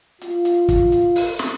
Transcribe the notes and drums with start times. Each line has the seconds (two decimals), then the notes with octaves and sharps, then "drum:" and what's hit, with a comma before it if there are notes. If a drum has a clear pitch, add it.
0.21 F4, drum: hi-hat
0.45 drum: hi-hat
0.69 drum: kick, hi-hat
0.92 drum: hi-hat
1.16 drum: open hi-hat
1.39 drum: snare